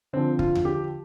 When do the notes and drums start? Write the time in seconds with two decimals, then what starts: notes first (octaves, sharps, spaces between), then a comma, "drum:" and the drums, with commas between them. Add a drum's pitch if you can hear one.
0.13 D3 F3 C4
0.39 F4, drum: kick
0.55 drum: tom D#2
0.65 G4